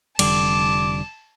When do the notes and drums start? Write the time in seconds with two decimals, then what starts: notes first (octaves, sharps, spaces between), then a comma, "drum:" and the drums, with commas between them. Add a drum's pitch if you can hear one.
0.19 F1 D3 G3 A5 D6, drum: cymbal